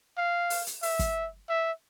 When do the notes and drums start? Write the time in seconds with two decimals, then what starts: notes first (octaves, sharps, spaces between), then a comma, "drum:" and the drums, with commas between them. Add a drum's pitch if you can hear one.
0.17 F5
0.50 drum: open hi-hat
0.67 drum: hi-hat
0.83 E5, drum: open hi-hat
0.99 drum: kick, hi-hat
1.49 E5